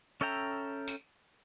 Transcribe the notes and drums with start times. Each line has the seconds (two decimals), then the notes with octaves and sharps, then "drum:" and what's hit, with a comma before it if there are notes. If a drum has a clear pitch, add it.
0.21 C#4 A4 E5 G5 A#5
0.88 drum: tambourine